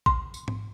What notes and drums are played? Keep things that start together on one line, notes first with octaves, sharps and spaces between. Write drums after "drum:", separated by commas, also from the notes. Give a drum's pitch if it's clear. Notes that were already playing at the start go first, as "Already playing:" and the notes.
C6, drum: kick A1
drum: tambourine
drum: tom G#2